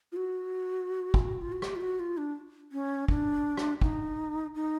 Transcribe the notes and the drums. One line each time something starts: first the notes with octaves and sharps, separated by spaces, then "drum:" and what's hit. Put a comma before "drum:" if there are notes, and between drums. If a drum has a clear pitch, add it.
F4
F#4
drum: kick
F4
F#4
G4, drum: rim click
F4
F#4
F4
D4
C#4
D4, drum: kick
drum: rim click
D#4, drum: kick
D#4